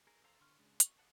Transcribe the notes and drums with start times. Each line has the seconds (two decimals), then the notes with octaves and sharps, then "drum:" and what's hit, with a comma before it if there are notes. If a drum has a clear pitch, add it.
0.07 G#4 A#4
0.24 A4 C5 F5 A5 A#5
0.40 D3 C6 C#6 F6
0.59 C#3 G#3 D4
0.80 C#6, drum: hi-hat
0.98 G#4 D5 F5 F#5 A5